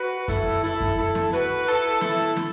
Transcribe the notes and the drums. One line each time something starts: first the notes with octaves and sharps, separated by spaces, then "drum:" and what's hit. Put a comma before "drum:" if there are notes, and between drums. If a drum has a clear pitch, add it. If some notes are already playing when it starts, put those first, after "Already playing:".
Already playing: F#4 B4
E4 A4, drum: kick F#2, hi-hat
E4 A4, drum: hi-hat
drum: kick F#2
E4 A4
drum: snare
F#4 B4, drum: hi-hat
E4 A4
E4 A4, drum: snare
drum: snare